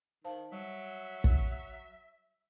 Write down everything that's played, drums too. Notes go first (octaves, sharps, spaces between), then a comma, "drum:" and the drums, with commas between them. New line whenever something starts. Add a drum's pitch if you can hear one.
D#3 C5 F5 A5
F#3 G3 E5
drum: kick